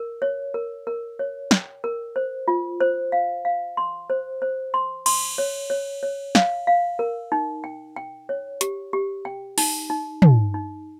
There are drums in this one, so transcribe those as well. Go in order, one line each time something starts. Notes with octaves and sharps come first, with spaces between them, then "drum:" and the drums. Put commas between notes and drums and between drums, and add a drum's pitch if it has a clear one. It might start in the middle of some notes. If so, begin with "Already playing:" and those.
Already playing: A#4
C#5
A#4
A#4
C#5
G5, drum: snare
A#4
C5
F4
C5
F5
F5
C6
C5
C5
C6
C6, drum: cymbal
C#5
C#5
C#5
F5, drum: snare
F5
A#4
D#4
G5
G5
C#5
G4, drum: hi-hat
G4
G5
D#4, drum: open hi-hat
D#4
D#4, drum: tom
D#4